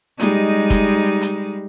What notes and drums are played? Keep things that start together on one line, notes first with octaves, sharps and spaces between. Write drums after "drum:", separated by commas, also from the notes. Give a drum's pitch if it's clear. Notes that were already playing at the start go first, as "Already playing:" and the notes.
G3 G#3 D#4, drum: hi-hat
drum: kick, hi-hat
drum: hi-hat